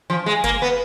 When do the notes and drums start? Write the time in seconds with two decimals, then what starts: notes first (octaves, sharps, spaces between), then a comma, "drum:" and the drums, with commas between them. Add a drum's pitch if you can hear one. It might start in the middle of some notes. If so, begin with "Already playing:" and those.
0.10 F3
0.26 G#3
0.44 A#3, drum: kick F#1, hi-hat
0.62 B3